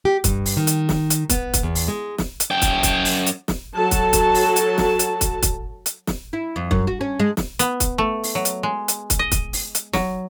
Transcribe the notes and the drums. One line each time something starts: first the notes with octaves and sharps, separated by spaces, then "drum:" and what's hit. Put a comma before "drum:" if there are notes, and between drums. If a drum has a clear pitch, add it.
G4
G2, drum: kick, hi-hat
drum: open hi-hat
D#3
drum: hi-hat
drum: snare
drum: hi-hat
B3, drum: kick, hi-hat
drum: kick, hi-hat
E2
drum: open hi-hat
G#3
drum: snare
drum: hi-hat
F#2 G5
drum: kick, hi-hat
drum: kick, hi-hat
drum: open hi-hat
drum: hi-hat
drum: snare
F#3 F#4 A4 A5
drum: kick, hi-hat
drum: kick, hi-hat
drum: open hi-hat
drum: hi-hat
drum: snare
drum: hi-hat
drum: kick, hi-hat
drum: kick, hi-hat
drum: hi-hat
drum: snare
E4
F2
F#2, drum: kick
F#4
C#4
G#3
drum: snare
B3, drum: hi-hat
drum: kick, hi-hat
A3
drum: open hi-hat
F#3
drum: hi-hat
G#3
drum: hi-hat
drum: kick, hi-hat
D#5
drum: kick, hi-hat
drum: open hi-hat
drum: hi-hat
F#3, drum: snare